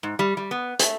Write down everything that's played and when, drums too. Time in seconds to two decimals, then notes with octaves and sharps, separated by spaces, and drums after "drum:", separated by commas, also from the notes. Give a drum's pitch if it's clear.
0.03 G#2
0.19 G3
0.37 G3
0.51 B3
0.79 A3, drum: hi-hat